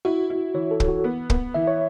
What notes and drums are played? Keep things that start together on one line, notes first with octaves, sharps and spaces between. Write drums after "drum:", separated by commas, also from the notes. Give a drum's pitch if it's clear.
E4 F#4
E4
E3 C#5
A4
E3, drum: kick
F#4
B3
B3, drum: kick
E3 E5
C#5